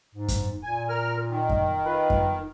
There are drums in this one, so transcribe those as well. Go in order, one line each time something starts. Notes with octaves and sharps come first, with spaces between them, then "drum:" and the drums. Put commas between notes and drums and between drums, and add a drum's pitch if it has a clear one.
G#2
drum: kick F#2, hi-hat
A#2 G#5
A#4 F6
D#3
drum: kick F#2
F4 A#4 B4
drum: kick F#2